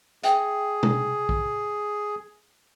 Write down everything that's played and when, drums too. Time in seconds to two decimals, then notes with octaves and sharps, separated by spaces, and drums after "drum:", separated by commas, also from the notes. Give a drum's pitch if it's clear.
0.23 G#4 E5 G5, drum: hi-hat
0.83 drum: tom B2
1.29 drum: kick